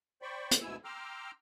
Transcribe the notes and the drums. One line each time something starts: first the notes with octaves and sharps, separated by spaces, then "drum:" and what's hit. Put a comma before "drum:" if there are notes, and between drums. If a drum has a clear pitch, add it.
C5 D5 G5 B5 C#6
drum: hi-hat
D2 G#2 B2 E4 G#5 E6
G5 A#5 C6 D6 E6 F6